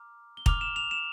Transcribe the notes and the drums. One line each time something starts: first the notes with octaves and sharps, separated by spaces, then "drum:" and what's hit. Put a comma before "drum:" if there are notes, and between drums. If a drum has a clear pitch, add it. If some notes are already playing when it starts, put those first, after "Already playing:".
Already playing: A#5 D6 F6
G7
A#5 D6 F6 F7, drum: kick
E7
F7
E7